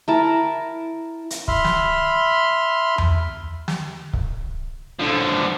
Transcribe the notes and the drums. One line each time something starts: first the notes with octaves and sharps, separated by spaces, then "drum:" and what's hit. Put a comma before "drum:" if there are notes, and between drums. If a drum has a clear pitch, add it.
E4 A#4 A5
drum: hi-hat
E5 B5 C6 F6, drum: kick C#1
drum: snare
drum: tom E2
drum: snare
drum: kick C#1
D3 F3